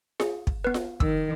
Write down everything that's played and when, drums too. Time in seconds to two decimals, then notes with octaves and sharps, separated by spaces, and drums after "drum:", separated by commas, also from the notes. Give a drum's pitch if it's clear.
0.20 G#4, drum: snare F4
0.47 drum: kick
0.64 B3 B4
0.74 drum: snare F4
1.00 D#3 E6, drum: kick